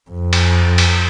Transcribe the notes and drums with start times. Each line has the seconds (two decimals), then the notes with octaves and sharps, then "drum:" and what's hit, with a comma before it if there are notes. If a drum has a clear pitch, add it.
0.10 F2
0.33 drum: cymbal
0.78 drum: cymbal